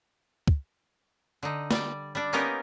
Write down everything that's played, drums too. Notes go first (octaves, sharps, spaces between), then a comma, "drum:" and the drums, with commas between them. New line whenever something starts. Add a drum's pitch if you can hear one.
drum: kick
D3 D#4
G3 D5, drum: snare
G3 D4
A#3 B3 C#4 D#4 G4 A#4